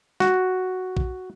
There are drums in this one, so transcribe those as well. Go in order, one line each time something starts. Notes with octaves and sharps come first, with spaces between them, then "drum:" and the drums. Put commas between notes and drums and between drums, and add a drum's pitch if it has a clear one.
F#4, drum: snare
drum: kick A#1